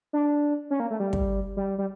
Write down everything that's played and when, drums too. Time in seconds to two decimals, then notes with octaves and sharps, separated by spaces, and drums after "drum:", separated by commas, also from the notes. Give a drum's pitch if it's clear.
0.13 D4
0.71 C#4
0.80 A#3
0.90 A3
1.00 G3
1.13 drum: kick
1.57 G3
1.78 G3